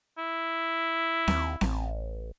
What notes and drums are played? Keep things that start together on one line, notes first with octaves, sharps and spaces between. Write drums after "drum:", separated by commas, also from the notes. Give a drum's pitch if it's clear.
E4
D#2, drum: snare C4
A1, drum: snare C4